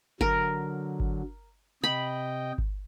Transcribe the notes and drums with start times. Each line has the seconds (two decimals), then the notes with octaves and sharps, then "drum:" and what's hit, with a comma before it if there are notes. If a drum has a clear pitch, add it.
0.21 D3 F#3 A#4, drum: kick G1
1.00 drum: kick G1
1.84 C3 D#5 G5 B5
2.58 drum: kick G1